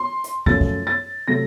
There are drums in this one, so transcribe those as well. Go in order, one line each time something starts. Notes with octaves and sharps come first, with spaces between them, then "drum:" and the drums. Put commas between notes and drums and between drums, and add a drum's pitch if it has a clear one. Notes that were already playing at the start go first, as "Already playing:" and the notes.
Already playing: C6
drum: hi-hat
F#2 F3 A3 A6, drum: kick
drum: kick
A6
C3 F#3 A3 A#6